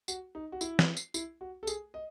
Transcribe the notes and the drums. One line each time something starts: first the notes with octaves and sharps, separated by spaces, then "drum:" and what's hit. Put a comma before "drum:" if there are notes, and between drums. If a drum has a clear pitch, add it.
F#4, drum: tambourine
D#4
F#4
E4, drum: tambourine
drum: snare
drum: tambourine
E4, drum: tambourine
F#4
A4
G#4, drum: tambourine
D#5